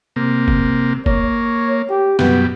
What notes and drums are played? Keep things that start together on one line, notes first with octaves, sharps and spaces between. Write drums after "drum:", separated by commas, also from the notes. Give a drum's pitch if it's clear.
C3 A#3
drum: kick F#1
A#3 C#5, drum: kick F#1
G4
F#2 B2 G3 B3, drum: snare